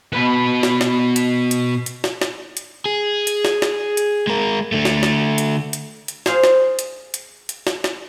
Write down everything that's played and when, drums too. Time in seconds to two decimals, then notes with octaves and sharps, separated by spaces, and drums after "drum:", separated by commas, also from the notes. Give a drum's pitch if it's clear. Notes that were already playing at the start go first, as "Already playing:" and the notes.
0.13 B2 B4
0.63 drum: snare
0.81 drum: snare
1.16 drum: hi-hat
1.51 drum: hi-hat
1.86 drum: hi-hat
2.04 drum: snare
2.21 drum: snare
2.57 drum: hi-hat
2.86 G#4
3.27 drum: hi-hat
3.45 drum: snare
3.62 drum: snare
3.97 drum: hi-hat
4.27 G#3 A#4
4.72 D3 A3
4.85 drum: snare
5.03 drum: snare
5.38 drum: hi-hat
5.73 drum: hi-hat
6.08 drum: hi-hat
6.26 G#4 C5 F5, drum: snare
6.44 drum: snare
6.79 drum: hi-hat
7.14 drum: hi-hat
7.49 drum: hi-hat
7.67 drum: snare
7.84 drum: snare